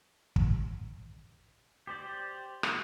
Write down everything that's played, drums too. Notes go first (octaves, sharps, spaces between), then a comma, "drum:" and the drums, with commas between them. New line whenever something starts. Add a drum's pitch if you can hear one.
drum: kick
G4 C5 D5
drum: rim click